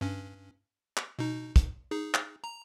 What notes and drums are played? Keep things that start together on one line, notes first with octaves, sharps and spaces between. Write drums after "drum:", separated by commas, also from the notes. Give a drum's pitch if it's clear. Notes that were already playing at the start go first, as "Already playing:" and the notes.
G2 C#4
drum: clap
B2 D#4
drum: kick, hi-hat
D#4 G#4
drum: clap
A#5